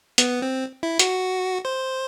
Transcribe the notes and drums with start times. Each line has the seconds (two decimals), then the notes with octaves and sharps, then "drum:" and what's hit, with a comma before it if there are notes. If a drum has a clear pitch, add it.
0.18 B3, drum: hi-hat
0.42 C4
0.83 E4
0.99 F#4, drum: hi-hat
1.65 C5